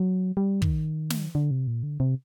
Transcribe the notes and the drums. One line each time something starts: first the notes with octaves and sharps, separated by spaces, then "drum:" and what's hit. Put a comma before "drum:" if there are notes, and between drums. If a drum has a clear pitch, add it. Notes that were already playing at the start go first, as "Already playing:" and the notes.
Already playing: F#3
G3
D#3, drum: kick
drum: snare
D3
C3
A#2
D3
C3